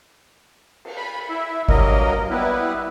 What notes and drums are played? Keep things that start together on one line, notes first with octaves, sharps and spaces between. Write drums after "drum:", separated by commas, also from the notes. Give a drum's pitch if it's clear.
drum: cymbal
B5
E4 E5
G2 F#3 A#3 A#4 D#5, drum: kick G#1
G3 B3 E4 B4